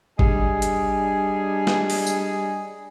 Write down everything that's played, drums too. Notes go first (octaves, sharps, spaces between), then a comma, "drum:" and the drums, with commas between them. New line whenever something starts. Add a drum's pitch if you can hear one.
G3 D4 G#4 D#5 G#5, drum: kick G1
drum: hi-hat
drum: snare
drum: open hi-hat
drum: tambourine